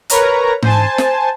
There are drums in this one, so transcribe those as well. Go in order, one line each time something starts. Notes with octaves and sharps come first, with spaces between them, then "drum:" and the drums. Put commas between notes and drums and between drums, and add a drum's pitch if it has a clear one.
A#4 B4 C#5 A#5, drum: hi-hat
C5 G#5 A5, drum: tom G#2
drum: snare